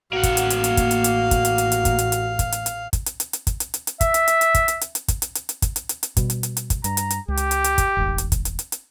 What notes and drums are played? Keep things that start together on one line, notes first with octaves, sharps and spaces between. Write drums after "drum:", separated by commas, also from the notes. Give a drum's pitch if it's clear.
A1 A#3 F#4 F5 F#5
drum: kick, hi-hat
drum: hi-hat
drum: hi-hat
drum: hi-hat
drum: kick, hi-hat
drum: hi-hat
drum: hi-hat
drum: kick, hi-hat
drum: hi-hat
drum: hi-hat
drum: hi-hat
drum: kick, hi-hat
drum: hi-hat
drum: hi-hat
drum: kick, hi-hat
drum: hi-hat
drum: hi-hat
drum: kick, hi-hat
drum: hi-hat
drum: hi-hat
drum: hi-hat
drum: kick, hi-hat
drum: hi-hat
drum: hi-hat
drum: hi-hat
E5, drum: kick, hi-hat
drum: hi-hat
drum: hi-hat
drum: hi-hat
drum: kick, hi-hat
drum: hi-hat
drum: hi-hat
drum: hi-hat
drum: kick, hi-hat
drum: hi-hat
drum: hi-hat
drum: hi-hat
drum: kick, hi-hat
drum: hi-hat
drum: hi-hat
drum: hi-hat
B2 G3, drum: kick, hi-hat
drum: hi-hat
drum: hi-hat
drum: hi-hat
drum: kick, hi-hat
G2 A#5, drum: hi-hat
drum: hi-hat
drum: hi-hat
C#2 G4
drum: hi-hat
drum: hi-hat
drum: hi-hat
drum: kick, hi-hat
D#1 G#1 G#2
drum: hi-hat
drum: kick, hi-hat
drum: hi-hat
drum: hi-hat
drum: hi-hat